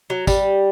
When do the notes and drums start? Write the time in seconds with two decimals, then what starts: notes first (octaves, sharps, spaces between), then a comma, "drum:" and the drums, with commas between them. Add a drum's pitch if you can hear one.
0.10 F#3
0.27 G3, drum: kick, tambourine